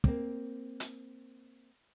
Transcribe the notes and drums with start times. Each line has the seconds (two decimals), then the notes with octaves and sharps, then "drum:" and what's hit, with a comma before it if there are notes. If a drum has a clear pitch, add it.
0.04 A#3 C4, drum: kick
0.80 drum: hi-hat